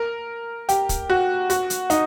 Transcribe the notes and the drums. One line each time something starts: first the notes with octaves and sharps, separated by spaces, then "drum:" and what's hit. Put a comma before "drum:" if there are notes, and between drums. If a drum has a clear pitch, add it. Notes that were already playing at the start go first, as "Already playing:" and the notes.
Already playing: A#4
G4, drum: hi-hat
drum: kick, hi-hat
F#4
F#4, drum: hi-hat
drum: hi-hat
D#4, drum: hi-hat